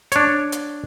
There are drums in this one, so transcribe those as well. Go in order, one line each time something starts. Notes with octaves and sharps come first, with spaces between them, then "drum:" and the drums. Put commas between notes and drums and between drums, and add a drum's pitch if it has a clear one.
D4 C#5, drum: hi-hat
drum: hi-hat